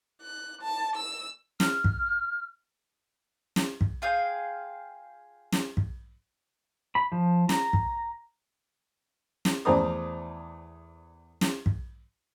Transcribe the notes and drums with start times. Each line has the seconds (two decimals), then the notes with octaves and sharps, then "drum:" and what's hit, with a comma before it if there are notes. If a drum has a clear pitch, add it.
0.20 F#6
0.61 A5
0.95 E6
1.60 F6, drum: snare
1.84 drum: kick
3.56 drum: snare
3.81 drum: kick
4.02 F4 G#4 F5 G5
5.52 drum: snare
5.77 drum: kick
6.95 B5
7.12 F3
7.49 A#5, drum: snare
7.73 drum: kick
9.45 drum: snare
9.65 E2 A3 C5 D5 A#5 D#6
11.41 drum: snare
11.66 drum: kick